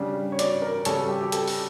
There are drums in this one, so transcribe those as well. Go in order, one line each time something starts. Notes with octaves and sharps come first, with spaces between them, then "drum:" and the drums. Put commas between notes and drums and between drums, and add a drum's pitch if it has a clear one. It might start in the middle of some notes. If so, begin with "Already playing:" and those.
Already playing: C#3 G3 D4
C#5
D5, drum: hi-hat
A#4
C#3 G3 C#4 A4, drum: hi-hat
A4
G4
G4
A4, drum: hi-hat
drum: open hi-hat